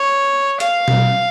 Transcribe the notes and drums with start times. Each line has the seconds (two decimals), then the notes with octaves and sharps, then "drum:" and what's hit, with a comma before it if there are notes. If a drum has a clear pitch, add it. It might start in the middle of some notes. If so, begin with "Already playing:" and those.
Already playing: C#5
0.60 F5, drum: hi-hat
0.88 drum: tom B2